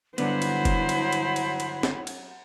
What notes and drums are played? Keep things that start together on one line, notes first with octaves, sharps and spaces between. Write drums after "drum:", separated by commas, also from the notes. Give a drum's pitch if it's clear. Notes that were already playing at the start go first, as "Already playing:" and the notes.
G2 D3 F#3 B3 E4 C5 B5, drum: cymbal
drum: cymbal
drum: kick, cymbal
drum: cymbal
drum: cymbal
drum: cymbal
drum: cymbal
drum: snare
drum: cymbal